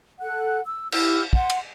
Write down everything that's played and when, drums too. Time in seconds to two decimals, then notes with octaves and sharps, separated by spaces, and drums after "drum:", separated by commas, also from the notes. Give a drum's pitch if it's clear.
0.21 A4 F#5 F#6
0.65 E6
0.92 E4 G4 E6 F6, drum: cymbal
1.33 F#5 C6, drum: kick
1.50 drum: cymbal